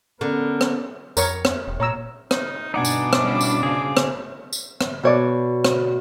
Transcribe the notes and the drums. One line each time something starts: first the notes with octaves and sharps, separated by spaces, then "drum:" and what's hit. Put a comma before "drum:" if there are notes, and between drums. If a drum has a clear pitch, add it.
D3 B3 C#4 A#4
drum: rim click
F2 A#4 C#5 C#6, drum: tambourine
drum: rim click
E1
A#2 C#5 A#5 E6
D#4, drum: rim click
G1 B2 D4 D#4 F#5 G#5 D6
drum: tambourine
drum: rim click
G2 C#4 E4
drum: tambourine
C#3 G#4 C5 F5
drum: rim click
drum: tambourine
drum: rim click
B2 C#5 D5
drum: rim click